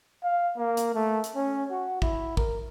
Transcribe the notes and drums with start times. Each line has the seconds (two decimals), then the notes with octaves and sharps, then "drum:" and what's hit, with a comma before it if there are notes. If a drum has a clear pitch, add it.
0.23 F5
0.57 A#3
0.77 drum: hi-hat
0.95 A3
1.24 drum: hi-hat
1.36 C#4
1.70 F#4
2.02 E4, drum: kick
2.37 A#4, drum: kick